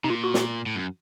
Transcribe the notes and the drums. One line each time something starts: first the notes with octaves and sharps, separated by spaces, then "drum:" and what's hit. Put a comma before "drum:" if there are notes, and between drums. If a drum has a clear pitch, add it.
C3 D#4
A#2 F4
F#4
drum: snare
A2
F#2